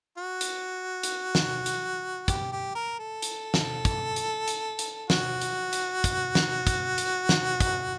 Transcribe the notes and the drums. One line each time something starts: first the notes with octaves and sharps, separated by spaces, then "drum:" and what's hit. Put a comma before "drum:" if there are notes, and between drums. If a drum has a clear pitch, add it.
F#4
drum: hi-hat
drum: hi-hat
drum: snare
drum: hi-hat
G4, drum: kick, hi-hat
G4
A#4
A4
drum: hi-hat
drum: snare
drum: kick, hi-hat
drum: hi-hat
drum: hi-hat
drum: hi-hat
F#4, drum: snare
drum: hi-hat
drum: hi-hat
drum: kick, hi-hat
drum: snare
drum: kick, hi-hat
drum: hi-hat
drum: snare
drum: kick, hi-hat